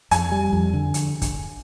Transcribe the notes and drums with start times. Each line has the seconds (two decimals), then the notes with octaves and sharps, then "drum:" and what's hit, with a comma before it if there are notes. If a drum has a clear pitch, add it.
0.11 F2 G#5, drum: hi-hat
0.31 G3
0.53 F2
0.73 D3
0.94 drum: hi-hat
1.22 drum: kick, hi-hat